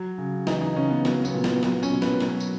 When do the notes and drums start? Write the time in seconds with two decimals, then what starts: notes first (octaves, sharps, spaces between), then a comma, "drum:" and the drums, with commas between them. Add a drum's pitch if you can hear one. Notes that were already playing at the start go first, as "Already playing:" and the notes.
Already playing: F#3
0.18 C#3
0.47 E3 D#4, drum: snare
0.61 D#4
0.76 C#3 C#4
0.90 B3
1.05 F#3 B3, drum: snare
1.25 B3, drum: tambourine
1.34 A#2
1.44 B3, drum: snare
1.63 F#3 B3, drum: snare
1.83 C#4, drum: tambourine
1.92 B2
2.02 B4, drum: snare
2.21 F#3, drum: snare
2.40 drum: tambourine